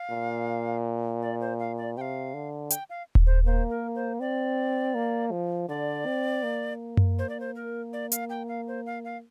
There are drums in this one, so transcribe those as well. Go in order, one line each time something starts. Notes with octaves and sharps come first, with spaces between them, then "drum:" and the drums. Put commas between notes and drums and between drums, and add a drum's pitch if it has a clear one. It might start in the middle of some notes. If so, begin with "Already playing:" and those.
Already playing: F5
A#2
D5
C5
F5
D5
C3 F5 G5
D3
G5, drum: hi-hat
F5
drum: kick D#1
C5
A#3 C5
A#4
C5
C4 D5
A#3
F3
D3 D5
C4
A#3
drum: tom F#2
C5
D5
C5
A#4
D5
F5, drum: hi-hat
G5
F5
C5
F5
F5